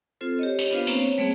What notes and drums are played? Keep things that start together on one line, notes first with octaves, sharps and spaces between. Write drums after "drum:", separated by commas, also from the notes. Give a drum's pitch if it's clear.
C4 F4 A4 C5
G4 C#5 D#5
drum: hi-hat
B3 D4 F4 B4 C5 F5
A#3 C4 C#4 C5 C#5, drum: hi-hat
C#5
G3 A3 A#3 C4 G#4